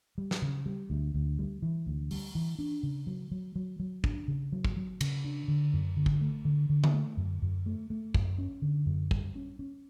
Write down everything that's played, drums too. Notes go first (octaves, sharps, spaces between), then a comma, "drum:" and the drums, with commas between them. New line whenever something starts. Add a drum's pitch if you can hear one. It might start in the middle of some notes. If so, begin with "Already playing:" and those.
G3
drum: snare
C#3
G3
D2
D2
G3
E3
D2
G3, drum: open hi-hat
E3
D4
C#3
F#3
F#3
F#3
F#3
D4, drum: kick
C#3
F#3
drum: kick
F#3
C#3, drum: cymbal
D4
D3
F#2
D3
drum: kick
A3
D3
D3
drum: tom D3
A3
F#2
F#2
A3
A3
F#2, drum: kick
C#4
D3
F#2
G3, drum: kick
C#4
C#4